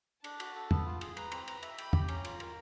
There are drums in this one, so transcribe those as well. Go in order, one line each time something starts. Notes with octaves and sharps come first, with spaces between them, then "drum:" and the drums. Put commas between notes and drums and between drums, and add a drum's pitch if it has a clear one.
D4 A5, drum: cymbal
F#4, drum: cymbal
A4
B3, drum: tom
F4
G#4, drum: cymbal
B4 A#5, drum: cymbal
C4, drum: cymbal
B4 A#5, drum: cymbal
E5, drum: cymbal
G5 B5, drum: cymbal
G4, drum: tom
C#4 A#5, drum: cymbal
F4, drum: cymbal
A#4, drum: cymbal